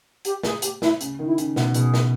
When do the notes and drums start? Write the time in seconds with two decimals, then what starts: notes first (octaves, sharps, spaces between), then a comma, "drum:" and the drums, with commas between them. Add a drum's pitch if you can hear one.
0.25 G4, drum: hi-hat
0.43 G#4, drum: snare
0.62 G4, drum: hi-hat
0.82 E4, drum: snare
1.01 C#3, drum: hi-hat
1.19 D#3
1.25 E4
1.38 C#3, drum: hi-hat
1.56 B2, drum: snare
1.74 B2 G#4, drum: hi-hat
1.94 drum: snare